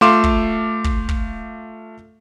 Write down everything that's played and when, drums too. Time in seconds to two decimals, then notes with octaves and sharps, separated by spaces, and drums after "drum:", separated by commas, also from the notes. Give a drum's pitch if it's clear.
0.01 A3 F4 F5 C6 D6 E7
0.24 drum: kick
0.84 drum: kick
1.09 drum: kick